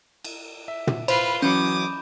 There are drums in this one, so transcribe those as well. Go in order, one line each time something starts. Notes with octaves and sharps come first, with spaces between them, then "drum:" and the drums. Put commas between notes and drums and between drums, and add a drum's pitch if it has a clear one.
drum: cymbal
E5
drum: tom
F4 B4 C5 B5, drum: cymbal
E3 F#3 C#4 D6 D#6 G6